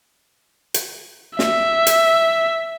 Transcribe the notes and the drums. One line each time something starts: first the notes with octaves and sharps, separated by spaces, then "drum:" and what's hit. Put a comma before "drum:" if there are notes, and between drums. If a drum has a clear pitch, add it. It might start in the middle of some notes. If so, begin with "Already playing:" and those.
drum: hi-hat
E5, drum: snare
drum: hi-hat